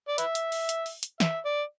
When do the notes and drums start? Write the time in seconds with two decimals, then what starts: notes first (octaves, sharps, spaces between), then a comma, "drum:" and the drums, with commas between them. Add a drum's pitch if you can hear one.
0.08 D5
0.18 B4 E5, drum: hi-hat
0.35 drum: hi-hat
0.52 drum: open hi-hat
0.69 drum: hi-hat
0.86 drum: open hi-hat
1.03 drum: hi-hat
1.20 E5, drum: snare
1.45 D5